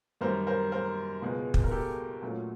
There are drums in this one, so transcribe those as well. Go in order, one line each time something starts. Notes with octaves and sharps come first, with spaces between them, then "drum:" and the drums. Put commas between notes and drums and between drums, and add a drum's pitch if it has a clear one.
F#2 D#3 G3 C4 A#4 C5
A#4 C5
A#4 C5
C#2 B2 G#3
drum: kick
A#4
G4 A4
A#2 F#3 A3 C#4